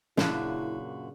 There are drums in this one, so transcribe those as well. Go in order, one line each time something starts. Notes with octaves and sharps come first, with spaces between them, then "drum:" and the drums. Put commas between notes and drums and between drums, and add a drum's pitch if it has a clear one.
F#2 A#2 C#3 D4 E4 F#4 B4, drum: snare